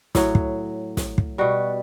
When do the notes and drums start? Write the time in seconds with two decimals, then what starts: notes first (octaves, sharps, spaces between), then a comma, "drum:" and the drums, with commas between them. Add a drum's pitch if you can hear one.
0.15 A2 F#3, drum: snare
0.35 drum: kick
0.97 drum: snare
1.18 drum: kick
1.38 B2 G3 F#4